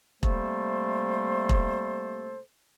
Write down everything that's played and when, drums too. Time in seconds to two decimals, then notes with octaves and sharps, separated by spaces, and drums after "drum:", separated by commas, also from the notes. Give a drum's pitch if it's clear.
0.23 C3 G3 A3 A#3 A4 C5, drum: kick E1
1.49 drum: kick E1